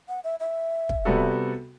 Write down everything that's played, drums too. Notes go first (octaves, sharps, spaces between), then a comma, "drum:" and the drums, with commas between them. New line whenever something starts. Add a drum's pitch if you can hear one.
F#5
E5
E5
drum: kick
C3 G3 B3 F#4 A4